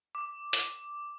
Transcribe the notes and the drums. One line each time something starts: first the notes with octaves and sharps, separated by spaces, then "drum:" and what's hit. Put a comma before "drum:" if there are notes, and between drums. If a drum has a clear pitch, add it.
D6
drum: hi-hat